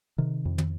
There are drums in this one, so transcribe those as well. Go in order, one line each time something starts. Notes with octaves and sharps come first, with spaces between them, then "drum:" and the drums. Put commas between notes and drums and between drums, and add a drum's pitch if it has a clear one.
C3 D#3
F2
drum: tom